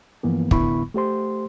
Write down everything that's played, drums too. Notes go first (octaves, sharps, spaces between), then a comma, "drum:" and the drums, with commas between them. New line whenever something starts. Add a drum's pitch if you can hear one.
G2 E3 F3 A#3 B3
A2 D3 B3 E4 B5 C#6, drum: kick
A3 G4 C5 C6